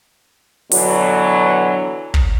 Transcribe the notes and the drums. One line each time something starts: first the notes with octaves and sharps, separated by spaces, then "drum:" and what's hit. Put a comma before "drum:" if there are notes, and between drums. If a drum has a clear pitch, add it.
B2 D3 E3 F#3, drum: open hi-hat
drum: kick